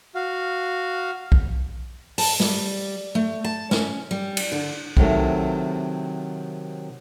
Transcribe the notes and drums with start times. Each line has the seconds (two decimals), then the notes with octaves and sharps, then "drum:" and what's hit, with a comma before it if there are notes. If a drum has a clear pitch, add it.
0.15 F#4 F5
1.32 drum: kick B1
2.18 A5, drum: open hi-hat
2.40 G3, drum: snare
3.15 A3
3.44 A5
3.71 C#4, drum: snare
4.11 G3
4.37 drum: cymbal
4.52 D3
4.97 C3 D#3 F#3 A3, drum: kick B1